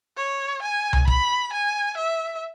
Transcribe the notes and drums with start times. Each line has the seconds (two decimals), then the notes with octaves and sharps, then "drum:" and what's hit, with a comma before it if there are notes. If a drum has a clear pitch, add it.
0.17 C#5
0.62 G#5
0.93 drum: tom C2
1.08 B5, drum: kick
1.53 G#5
1.98 E5